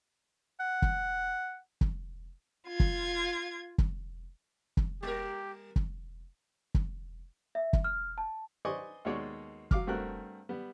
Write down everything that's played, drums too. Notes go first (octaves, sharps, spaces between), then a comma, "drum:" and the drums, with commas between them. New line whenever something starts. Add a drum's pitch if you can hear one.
F#5
drum: kick
drum: kick
F4 G#6
drum: kick
drum: kick
drum: kick
G3 G4 A#4
drum: kick
drum: kick
E5
drum: kick
F6
A5
B4 C5 D5 D#5 G#5 C#6
D#2 B2 G#3 F#4 C#5 D5
F#3 F5 D6 F6, drum: kick
G2 A3 C4 F#4 A#4 F#6
G3 B3